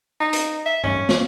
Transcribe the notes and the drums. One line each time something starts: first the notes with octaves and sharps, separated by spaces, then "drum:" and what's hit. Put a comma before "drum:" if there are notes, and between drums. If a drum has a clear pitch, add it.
D#4
drum: hi-hat
E5
C#4, drum: tom G2
drum: snare